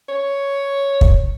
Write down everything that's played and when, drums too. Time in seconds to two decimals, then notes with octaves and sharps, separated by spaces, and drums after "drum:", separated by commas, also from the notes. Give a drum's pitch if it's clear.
0.09 C#5
1.01 drum: kick